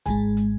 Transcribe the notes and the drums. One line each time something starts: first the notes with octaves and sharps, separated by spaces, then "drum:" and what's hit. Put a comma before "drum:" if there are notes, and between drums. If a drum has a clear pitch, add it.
G#1 G#2 G#3 G#5, drum: kick, hi-hat
drum: hi-hat